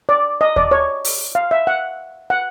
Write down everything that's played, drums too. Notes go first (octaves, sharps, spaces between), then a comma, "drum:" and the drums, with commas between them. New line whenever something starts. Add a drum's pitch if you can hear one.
D5
D#5
D5, drum: kick D#2
C#5
drum: open hi-hat
F5
E5
F#5
F#5